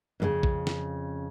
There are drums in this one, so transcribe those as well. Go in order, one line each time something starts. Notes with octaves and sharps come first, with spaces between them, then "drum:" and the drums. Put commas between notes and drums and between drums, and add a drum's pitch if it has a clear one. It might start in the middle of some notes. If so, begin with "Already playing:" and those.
F2 A2 C#3
drum: kick A#1
drum: snare